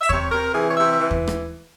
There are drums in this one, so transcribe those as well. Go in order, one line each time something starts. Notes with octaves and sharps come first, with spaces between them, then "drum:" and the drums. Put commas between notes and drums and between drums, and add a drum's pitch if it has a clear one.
E5
C3 C#5, drum: kick
C3 A#4
E3 G#4
C#5
C3 E5
E5
E3
drum: kick
drum: rim click